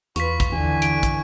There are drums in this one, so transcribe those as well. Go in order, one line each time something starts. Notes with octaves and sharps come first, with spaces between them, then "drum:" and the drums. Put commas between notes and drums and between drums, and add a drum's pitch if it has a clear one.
E2 F4 B4 C#6 B6, drum: hi-hat
drum: kick, hi-hat
D#2 D3 E3 G#5
D7, drum: hi-hat
drum: kick, hi-hat